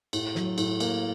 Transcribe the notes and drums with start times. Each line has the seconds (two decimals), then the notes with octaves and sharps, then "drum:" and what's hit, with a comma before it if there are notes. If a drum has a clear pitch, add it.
0.13 A2, drum: cymbal
0.35 F#3, drum: snare
0.58 A2, drum: cymbal
0.80 A#3, drum: cymbal